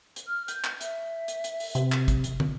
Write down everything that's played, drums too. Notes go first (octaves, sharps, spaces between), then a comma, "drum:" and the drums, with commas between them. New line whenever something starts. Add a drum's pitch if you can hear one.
drum: hi-hat
F6
G6, drum: hi-hat
drum: clap
E5, drum: hi-hat
drum: hi-hat
drum: hi-hat
drum: open hi-hat
C3, drum: hi-hat
drum: clap
drum: kick, hi-hat
drum: hi-hat
drum: tom